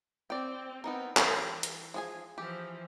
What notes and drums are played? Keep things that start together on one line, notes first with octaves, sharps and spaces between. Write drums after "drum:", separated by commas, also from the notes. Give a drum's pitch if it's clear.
C4 D5 G5
B3 C4 D#4 A#4
E3 B4 F5 G5, drum: clap
drum: hi-hat
F3 G#4 G#5
E3 F3 G4